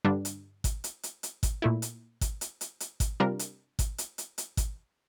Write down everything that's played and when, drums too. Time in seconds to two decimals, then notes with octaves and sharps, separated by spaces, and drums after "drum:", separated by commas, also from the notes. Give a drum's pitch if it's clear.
0.05 G2 D3 G3 D4
0.25 drum: hi-hat
0.64 drum: kick G#1, hi-hat
0.84 drum: hi-hat
1.03 drum: hi-hat
1.23 drum: hi-hat
1.43 drum: kick G#1, hi-hat
1.62 A#2 A3 E4
1.82 drum: hi-hat
2.21 drum: kick G#1, hi-hat
2.41 drum: hi-hat
2.61 drum: hi-hat
2.80 drum: hi-hat
3.00 drum: kick G#1, hi-hat
3.20 C3 G3 D4 F4 A#4
3.39 drum: hi-hat
3.79 drum: kick G#1, hi-hat
3.98 drum: hi-hat
4.18 drum: hi-hat
4.38 drum: hi-hat
4.57 drum: kick G#1, hi-hat